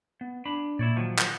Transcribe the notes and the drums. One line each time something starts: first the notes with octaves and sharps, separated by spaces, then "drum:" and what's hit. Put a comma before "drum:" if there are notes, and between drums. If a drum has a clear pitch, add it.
B3
D4 B5
A#2 E4 C#5 D5
D#3 F3 F#3
drum: clap